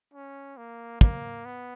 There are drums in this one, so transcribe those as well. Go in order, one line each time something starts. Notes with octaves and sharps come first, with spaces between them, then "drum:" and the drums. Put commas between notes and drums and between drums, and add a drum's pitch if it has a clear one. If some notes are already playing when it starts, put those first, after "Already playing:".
C#4
A#3
A#3, drum: kick
B3